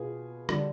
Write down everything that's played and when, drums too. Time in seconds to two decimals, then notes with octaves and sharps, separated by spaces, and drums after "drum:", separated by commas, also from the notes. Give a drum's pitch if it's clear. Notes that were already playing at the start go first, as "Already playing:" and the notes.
Already playing: B2 B3 F4 G#4
0.49 D3 G3 D4, drum: rim click